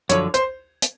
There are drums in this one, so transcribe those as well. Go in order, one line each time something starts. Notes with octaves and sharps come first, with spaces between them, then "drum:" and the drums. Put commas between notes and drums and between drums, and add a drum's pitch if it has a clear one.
F#2 D3 F3 C#5, drum: hi-hat
C5, drum: hi-hat
drum: hi-hat